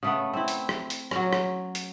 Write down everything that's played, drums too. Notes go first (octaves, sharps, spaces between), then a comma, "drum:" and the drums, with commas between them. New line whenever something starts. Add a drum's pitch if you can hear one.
C#3 A3 B3
C4 E4
drum: hi-hat
drum: rim click
drum: hi-hat
F#3 C#4, drum: rim click
drum: rim click
drum: hi-hat